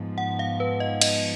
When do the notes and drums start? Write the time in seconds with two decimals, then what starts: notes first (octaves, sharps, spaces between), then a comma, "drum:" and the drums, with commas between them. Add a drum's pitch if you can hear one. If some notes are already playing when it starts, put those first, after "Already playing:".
Already playing: G#2 F3 B3
0.18 F#5
0.39 F5
0.60 B4
0.80 D#5
1.01 D#5, drum: cymbal